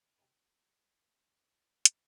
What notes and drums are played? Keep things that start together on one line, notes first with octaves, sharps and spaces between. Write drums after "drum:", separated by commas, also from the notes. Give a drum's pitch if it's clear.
B1 D#3 C#4 D#4 B4
drum: hi-hat